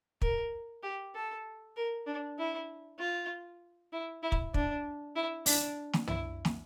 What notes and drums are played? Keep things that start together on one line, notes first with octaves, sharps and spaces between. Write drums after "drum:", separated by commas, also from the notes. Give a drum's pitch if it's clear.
A#4, drum: kick
G4
A4
A#4
D4
E4
F4
E4
E4
drum: kick
D4, drum: kick
E4
D4, drum: open hi-hat
drum: snare
E4, drum: tom
drum: snare